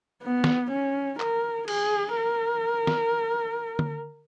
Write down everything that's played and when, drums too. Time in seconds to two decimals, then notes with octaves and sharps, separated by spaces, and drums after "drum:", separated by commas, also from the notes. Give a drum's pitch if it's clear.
0.23 B3
0.44 drum: snare
0.71 C#4
1.20 A#4, drum: clap
1.68 G#4, drum: cymbal
2.17 A#4
2.87 drum: snare
3.79 drum: tom D3